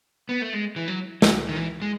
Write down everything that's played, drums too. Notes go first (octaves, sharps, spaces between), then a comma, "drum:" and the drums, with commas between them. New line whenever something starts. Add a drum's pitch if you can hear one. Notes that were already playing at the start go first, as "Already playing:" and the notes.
B3
A3
G#3
E3
F#3
F#3, drum: snare
D#3
E3
G#3